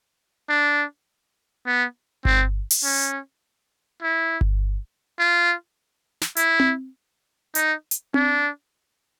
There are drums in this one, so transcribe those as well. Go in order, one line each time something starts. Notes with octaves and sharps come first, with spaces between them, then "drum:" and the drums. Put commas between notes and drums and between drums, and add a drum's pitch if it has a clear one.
D4
B3
C4, drum: kick G1
drum: open hi-hat
C#4
E4
drum: kick G1
F4
drum: snare
E4, drum: hi-hat
drum: tom C4
D#4, drum: hi-hat
drum: hi-hat
D4, drum: tom C4